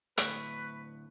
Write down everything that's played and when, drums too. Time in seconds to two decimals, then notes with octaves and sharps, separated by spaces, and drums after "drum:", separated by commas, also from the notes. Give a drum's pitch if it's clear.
0.18 D2 A2 B4 C#6 F#6, drum: hi-hat